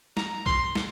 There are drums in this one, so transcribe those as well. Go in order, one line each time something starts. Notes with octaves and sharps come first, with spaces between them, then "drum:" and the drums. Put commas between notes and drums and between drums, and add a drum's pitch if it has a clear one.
A#5, drum: snare
C6, drum: kick B1
drum: snare